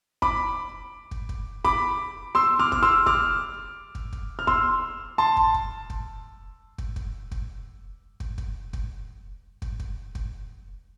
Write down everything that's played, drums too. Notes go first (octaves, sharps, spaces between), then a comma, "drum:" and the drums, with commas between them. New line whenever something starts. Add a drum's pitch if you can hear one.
B5 D6, drum: kick
drum: kick
drum: kick
B5 D6, drum: kick
C6 E6
D6 F6
F6, drum: kick
C6 E6
D6 F6, drum: kick
drum: kick
drum: kick
F6
C6 E6, drum: kick
A5 C6
drum: kick
drum: kick
drum: kick
drum: kick
drum: kick
drum: kick
drum: kick
drum: kick
drum: kick
drum: kick
drum: kick
drum: kick